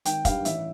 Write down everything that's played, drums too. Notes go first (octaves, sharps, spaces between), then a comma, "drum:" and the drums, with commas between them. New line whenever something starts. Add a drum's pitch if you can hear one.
G#1 G5, drum: hi-hat
G2 D#3 G3 F5, drum: kick, hi-hat
A1 E5, drum: hi-hat